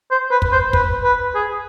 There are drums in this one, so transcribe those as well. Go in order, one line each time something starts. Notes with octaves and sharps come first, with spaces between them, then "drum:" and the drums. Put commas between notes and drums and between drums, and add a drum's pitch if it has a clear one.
C5
B4
drum: kick
C5
B4, drum: kick
B4
G#4